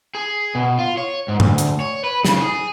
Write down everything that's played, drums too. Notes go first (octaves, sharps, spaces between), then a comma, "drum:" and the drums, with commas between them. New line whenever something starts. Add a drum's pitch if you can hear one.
G#4
B2
F4
C#5
G#2
D2, drum: tom
drum: hi-hat
C#5
B4
C#3, drum: snare
G#4